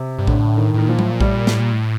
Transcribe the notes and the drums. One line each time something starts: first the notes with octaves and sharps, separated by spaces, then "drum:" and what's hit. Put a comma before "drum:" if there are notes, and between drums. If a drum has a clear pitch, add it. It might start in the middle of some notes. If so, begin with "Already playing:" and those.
Already playing: C3
G2
A2 D3, drum: kick A#1
D#3
A2 D#3
A#2 F3
A2, drum: tom F#3
A#2
A2 G3, drum: kick A#1
A#2
A2, drum: snare
A#2
A2